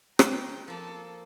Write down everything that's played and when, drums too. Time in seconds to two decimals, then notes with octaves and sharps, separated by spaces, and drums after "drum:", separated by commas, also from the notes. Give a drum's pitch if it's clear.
0.19 G5 A#5, drum: rim click
0.68 F3 A#3 A4